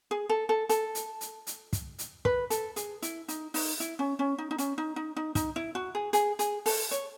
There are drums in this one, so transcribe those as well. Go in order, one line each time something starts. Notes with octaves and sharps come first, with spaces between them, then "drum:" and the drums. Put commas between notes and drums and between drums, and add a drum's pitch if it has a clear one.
G#4
A4
A4
A4, drum: hi-hat
drum: hi-hat
drum: hi-hat
drum: hi-hat
drum: kick, hi-hat
drum: hi-hat
B4, drum: kick
A4, drum: hi-hat
G#4, drum: hi-hat
E4, drum: hi-hat
D#4, drum: hi-hat
D#4, drum: open hi-hat
E4, drum: hi-hat
C#4
C#4
D#4
D#4
C#4, drum: hi-hat
D#4
D#4
D#4
D#4, drum: kick, hi-hat
E4
F#4
G#4
G#4, drum: hi-hat
G#4, drum: hi-hat
A4, drum: open hi-hat
C#5, drum: hi-hat